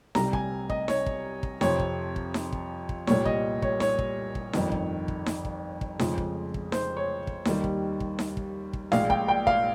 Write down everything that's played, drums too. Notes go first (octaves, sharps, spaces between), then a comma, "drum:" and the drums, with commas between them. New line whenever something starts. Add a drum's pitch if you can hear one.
C2 C3 G3 A#5, drum: snare D#4
G#5, drum: kick
D#5, drum: kick
C#5, drum: snare D#4
drum: kick
drum: kick
F2 C3 F3 C#5, drum: snare D#4
drum: kick
drum: kick
drum: snare D#4
drum: kick
drum: kick
C2 A#2 G3 C#5, drum: snare D#4
D#5, drum: kick
C#5, drum: kick
C#5, drum: snare D#4
drum: kick
drum: kick
G1 F2 D#3, drum: snare D#4
drum: kick
drum: kick
drum: snare D#4
drum: kick
drum: kick
F2 C#3 F3 G#3, drum: snare D#4
drum: kick
drum: kick
C5, drum: snare D#4
C#5
drum: kick
D#2 D#3 G3, drum: snare D#4
drum: kick
drum: kick
drum: snare D#4
drum: kick
drum: kick
A#1 A#2 G#3 F5, drum: snare D#4
G5, drum: kick
G5
F5, drum: kick